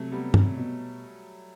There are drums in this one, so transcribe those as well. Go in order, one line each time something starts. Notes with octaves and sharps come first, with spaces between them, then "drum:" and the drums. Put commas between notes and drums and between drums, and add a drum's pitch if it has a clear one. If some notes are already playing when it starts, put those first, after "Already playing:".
Already playing: C3 F#3 A3
G3 B3
C3, drum: tom
B2